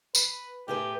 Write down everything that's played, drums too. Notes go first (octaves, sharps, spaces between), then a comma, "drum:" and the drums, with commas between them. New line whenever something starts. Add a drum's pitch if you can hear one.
B4, drum: tambourine
A2 G4 G#4 B4